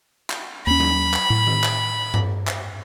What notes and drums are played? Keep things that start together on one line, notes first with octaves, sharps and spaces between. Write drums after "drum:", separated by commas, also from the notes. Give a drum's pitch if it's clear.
drum: clap
D#2 C#4 B5
drum: tom F#3
drum: clap
A2
drum: tom D#3
drum: clap
drum: tom G2
drum: clap